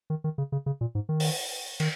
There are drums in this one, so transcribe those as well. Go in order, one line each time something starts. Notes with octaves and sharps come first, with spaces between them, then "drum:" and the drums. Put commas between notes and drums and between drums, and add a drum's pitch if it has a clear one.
D#3
D#3
C#3
C#3
C#3
A#2
G#2
D#3
drum: open hi-hat
D#3, drum: cymbal